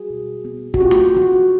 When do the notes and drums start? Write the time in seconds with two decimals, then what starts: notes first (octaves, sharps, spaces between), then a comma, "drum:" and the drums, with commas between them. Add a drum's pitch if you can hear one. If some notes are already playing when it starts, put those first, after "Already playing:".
Already playing: G3 F#4 G#4
0.10 B2
0.45 B3
0.74 F#4, drum: kick
0.80 C#4 F4 G4
0.91 drum: snare
1.16 F3 F#4